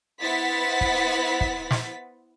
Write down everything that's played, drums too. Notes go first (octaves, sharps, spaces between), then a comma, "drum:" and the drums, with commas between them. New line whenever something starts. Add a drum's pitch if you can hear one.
B3 E4 C5 F#5 A6 B6
drum: kick
drum: kick
drum: snare